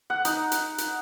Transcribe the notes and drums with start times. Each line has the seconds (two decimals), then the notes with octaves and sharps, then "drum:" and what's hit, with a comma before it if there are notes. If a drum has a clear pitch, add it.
0.10 F#5
0.25 D#4, drum: hi-hat
0.52 drum: hi-hat
0.78 drum: hi-hat